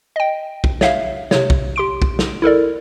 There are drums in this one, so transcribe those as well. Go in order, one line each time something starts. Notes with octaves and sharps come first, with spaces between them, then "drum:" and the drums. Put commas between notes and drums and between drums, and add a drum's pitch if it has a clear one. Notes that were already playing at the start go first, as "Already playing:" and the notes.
D#5 G5
drum: kick
C#5 E5 F5, drum: snare
C3 C#5, drum: snare
drum: kick
G4 C6 D7
drum: kick
drum: snare
E4 A4 A#4 D5